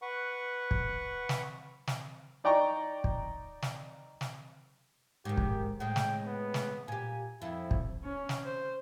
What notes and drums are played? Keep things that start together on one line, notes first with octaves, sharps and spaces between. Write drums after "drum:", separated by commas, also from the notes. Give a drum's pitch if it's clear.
B4 F#5 C#6
drum: kick
drum: snare
drum: snare
D#4 D5 G5 A#5 C#6
drum: kick
drum: snare
drum: snare
G#2 D#3 G4
drum: kick
A2 G#3 G5
drum: snare
B3
drum: snare
A#2 G4 G#5
F2 E4
drum: kick
C#4
drum: snare
C5